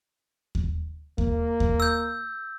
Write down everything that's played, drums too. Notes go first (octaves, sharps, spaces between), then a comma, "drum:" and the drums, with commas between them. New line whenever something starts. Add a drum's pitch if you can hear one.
drum: kick D#2
A#3, drum: kick D#2
drum: kick D#2
E6 G6